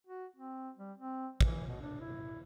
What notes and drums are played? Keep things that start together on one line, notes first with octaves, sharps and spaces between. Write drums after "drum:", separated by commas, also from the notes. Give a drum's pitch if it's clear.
F#4
C4
G3
C4
E3, drum: kick
B2
D4
E4